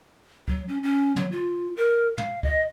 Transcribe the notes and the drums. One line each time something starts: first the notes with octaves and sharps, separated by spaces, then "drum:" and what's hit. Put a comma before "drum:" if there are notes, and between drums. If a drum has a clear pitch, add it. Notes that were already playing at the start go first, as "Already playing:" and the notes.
F#3, drum: kick
C#4
C#4
F#3, drum: tom
F4
A#4
F5, drum: tom
D#5, drum: kick